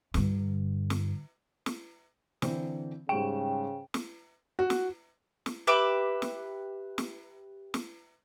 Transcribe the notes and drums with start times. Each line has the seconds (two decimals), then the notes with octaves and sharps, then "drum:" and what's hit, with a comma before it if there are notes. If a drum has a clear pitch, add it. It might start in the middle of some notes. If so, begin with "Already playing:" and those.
0.14 G2 D3, drum: snare
0.90 drum: snare
1.66 drum: snare
2.42 D3 E3 C4, drum: snare
3.09 G#2 C#3 G3 G5 D7
3.94 drum: snare
4.59 F#4
4.70 drum: snare
5.46 drum: snare
5.67 G4 B4 E5 D6
6.22 drum: snare
6.98 drum: snare
7.74 drum: snare